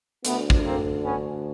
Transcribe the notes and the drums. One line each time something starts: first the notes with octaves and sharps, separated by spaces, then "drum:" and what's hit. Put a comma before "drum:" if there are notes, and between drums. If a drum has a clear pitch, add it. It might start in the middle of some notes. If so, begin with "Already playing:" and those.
D2 D3 A3 B3, drum: hi-hat
drum: kick
A#3 C4
B3 C#4